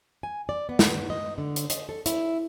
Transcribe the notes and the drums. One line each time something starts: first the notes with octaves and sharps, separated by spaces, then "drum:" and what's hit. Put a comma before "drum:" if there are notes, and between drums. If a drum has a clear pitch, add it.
G#5
D5
B3
drum: snare
D#5
D3
drum: hi-hat
D#5, drum: hi-hat
A4
E4, drum: hi-hat